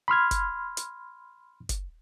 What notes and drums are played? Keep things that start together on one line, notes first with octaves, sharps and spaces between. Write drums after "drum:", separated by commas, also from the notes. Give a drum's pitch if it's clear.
B5 C6 F6 G#6
drum: kick, hi-hat
drum: hi-hat
drum: kick, hi-hat